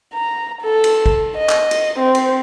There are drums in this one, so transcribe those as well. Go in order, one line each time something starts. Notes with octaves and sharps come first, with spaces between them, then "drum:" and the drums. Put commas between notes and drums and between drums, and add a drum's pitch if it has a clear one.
A#5
A4
drum: cymbal
drum: kick G#1
D#5
drum: clap
drum: cymbal
C4
drum: cymbal